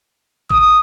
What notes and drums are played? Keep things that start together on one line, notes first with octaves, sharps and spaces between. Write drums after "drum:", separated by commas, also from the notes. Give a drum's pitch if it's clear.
D#6, drum: kick